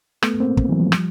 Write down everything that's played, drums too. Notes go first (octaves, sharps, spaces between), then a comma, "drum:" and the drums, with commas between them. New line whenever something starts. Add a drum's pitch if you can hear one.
A3 B3, drum: rim click
A#3 C4
drum: kick
E3 F#3
F3 G3
drum: rim click